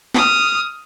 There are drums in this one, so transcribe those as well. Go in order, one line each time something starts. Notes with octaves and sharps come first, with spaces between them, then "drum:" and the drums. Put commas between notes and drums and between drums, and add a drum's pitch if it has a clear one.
D#6 F6, drum: snare